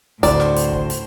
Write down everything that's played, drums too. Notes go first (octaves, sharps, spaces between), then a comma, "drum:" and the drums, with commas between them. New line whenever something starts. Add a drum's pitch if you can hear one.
D2 A2 B3 D4 F#4 C5 D5, drum: kick, hi-hat
drum: snare
drum: hi-hat
drum: kick
drum: hi-hat